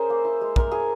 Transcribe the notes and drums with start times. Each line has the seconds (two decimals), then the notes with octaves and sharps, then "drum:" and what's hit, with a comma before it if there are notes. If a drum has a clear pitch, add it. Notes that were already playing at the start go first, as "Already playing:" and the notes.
Already playing: C#4 G#4 A#4 C5 E5
0.10 A#3
0.25 E4
0.41 G#3
0.56 E4 A#4, drum: kick
0.71 E4 G#4